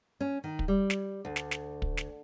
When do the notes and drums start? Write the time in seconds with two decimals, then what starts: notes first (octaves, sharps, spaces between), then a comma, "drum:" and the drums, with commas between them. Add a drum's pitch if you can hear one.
0.20 C#4
0.44 D#3
0.59 drum: kick
0.68 G3
0.90 drum: snare
1.25 D2
1.36 drum: snare
1.51 drum: snare
1.82 drum: kick
1.97 drum: snare